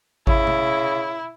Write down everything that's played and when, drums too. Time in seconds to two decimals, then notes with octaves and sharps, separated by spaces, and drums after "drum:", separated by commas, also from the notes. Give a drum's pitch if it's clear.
0.27 C#3 E4, drum: kick G#1
0.47 drum: tom B2